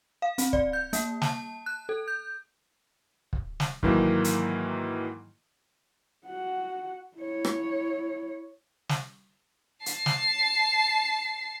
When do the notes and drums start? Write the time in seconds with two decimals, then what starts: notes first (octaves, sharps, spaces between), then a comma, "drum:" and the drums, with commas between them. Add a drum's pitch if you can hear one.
0.22 F5
0.38 C4, drum: hi-hat
0.53 D5, drum: kick
0.73 G6
0.93 A#3, drum: hi-hat
1.22 A5, drum: snare
1.66 F#6
1.89 A4
2.08 G6
3.33 drum: kick
3.60 drum: snare
3.83 G#2 D#3 E3 F#3 A#3, drum: kick
4.24 drum: hi-hat
6.26 F#4 F#5
7.17 E4 C#5
7.45 drum: rim click
8.89 drum: snare
9.86 A5 C7, drum: hi-hat
10.06 drum: snare